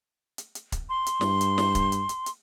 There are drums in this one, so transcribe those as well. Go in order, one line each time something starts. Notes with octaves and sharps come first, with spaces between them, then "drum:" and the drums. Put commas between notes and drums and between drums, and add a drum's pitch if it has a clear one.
drum: hi-hat
drum: hi-hat
drum: kick, hi-hat
C6
drum: hi-hat
G2, drum: snare
drum: hi-hat
drum: snare
drum: kick, hi-hat
drum: hi-hat
drum: hi-hat
drum: hi-hat